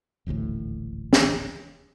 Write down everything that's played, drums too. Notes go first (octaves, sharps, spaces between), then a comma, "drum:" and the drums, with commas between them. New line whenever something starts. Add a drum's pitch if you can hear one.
D#1 A1 D2 A2
drum: snare